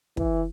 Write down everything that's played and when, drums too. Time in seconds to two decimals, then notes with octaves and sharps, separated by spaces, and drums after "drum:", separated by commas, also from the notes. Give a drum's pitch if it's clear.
0.17 E3, drum: kick